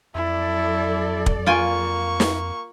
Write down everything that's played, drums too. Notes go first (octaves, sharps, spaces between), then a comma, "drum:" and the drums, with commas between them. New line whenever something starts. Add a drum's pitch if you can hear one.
F2 F#3 E4 A4 D5
drum: kick
A#3 F4 G5 G#5 C#6
drum: snare